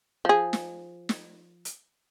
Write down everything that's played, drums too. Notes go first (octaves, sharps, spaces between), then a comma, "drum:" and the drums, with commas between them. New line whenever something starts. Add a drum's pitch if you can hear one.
F3 G#4
drum: snare
drum: snare
drum: hi-hat